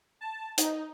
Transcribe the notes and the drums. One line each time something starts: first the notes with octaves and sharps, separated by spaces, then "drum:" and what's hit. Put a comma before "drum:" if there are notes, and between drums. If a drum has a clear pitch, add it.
A5
D#4, drum: hi-hat